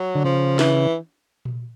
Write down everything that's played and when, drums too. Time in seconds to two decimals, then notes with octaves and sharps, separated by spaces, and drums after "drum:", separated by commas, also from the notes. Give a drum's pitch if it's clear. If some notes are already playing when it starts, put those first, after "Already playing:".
Already playing: F#3
0.15 D3
0.24 C#3 F3
0.59 E3, drum: snare
1.45 drum: tom A#2